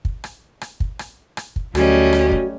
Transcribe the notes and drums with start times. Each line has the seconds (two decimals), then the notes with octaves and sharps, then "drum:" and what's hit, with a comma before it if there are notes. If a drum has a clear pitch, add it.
0.05 drum: kick
0.24 drum: rim click
0.61 drum: rim click
0.80 drum: kick
0.99 drum: rim click
1.37 drum: rim click
1.56 drum: kick
1.75 D2 F#3 G3 A3 C#4 F#4 D#5, drum: rim click
2.13 drum: rim click
2.32 drum: kick